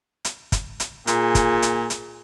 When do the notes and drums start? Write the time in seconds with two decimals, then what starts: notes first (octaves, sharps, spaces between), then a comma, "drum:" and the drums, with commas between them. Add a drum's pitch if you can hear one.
0.25 drum: hi-hat
0.52 drum: kick, hi-hat
0.80 drum: hi-hat
1.07 A#2 G#4, drum: hi-hat
1.35 drum: kick, hi-hat
1.62 drum: hi-hat
1.90 drum: hi-hat